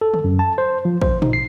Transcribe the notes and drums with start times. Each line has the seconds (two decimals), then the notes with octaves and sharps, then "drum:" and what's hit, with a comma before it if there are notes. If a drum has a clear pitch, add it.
0.01 A4
0.14 drum: tom
0.24 F#2
0.39 A5
0.58 C5
0.85 F3
1.02 C5, drum: kick
1.22 D#4, drum: tom
1.33 C7